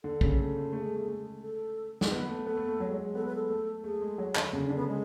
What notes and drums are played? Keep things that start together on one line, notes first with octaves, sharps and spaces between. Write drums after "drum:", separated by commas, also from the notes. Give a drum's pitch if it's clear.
D3 A4
C#3, drum: kick
A3
A3
A3 G#4
G#3
A3
A3
A4
drum: snare
B3 B4
A3
B3 A4
A3
A3
F#3
G#3
F#3
G#3
B3 A4
B4
A4
A3
A3 G#4
G#3
F#3
D3, drum: clap
C#3
D4
D3
B3
G#3